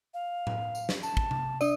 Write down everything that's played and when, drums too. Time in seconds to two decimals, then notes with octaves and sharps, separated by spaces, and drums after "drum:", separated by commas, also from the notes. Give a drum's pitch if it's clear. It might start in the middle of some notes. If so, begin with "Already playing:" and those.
0.14 F5
0.47 drum: tom A2
0.75 drum: tambourine
0.89 drum: snare
1.03 A5, drum: tambourine
1.17 drum: kick
1.31 drum: tom C3
1.61 D4 D5, drum: tambourine